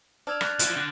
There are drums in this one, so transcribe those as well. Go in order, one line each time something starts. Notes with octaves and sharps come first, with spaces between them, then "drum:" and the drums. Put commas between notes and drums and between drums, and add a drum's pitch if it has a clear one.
D4 E6 F6 G#6 F7
F#6 A6, drum: rim click
E3 F3 A6 D7 F#7, drum: hi-hat
D3 D4 G6 A#6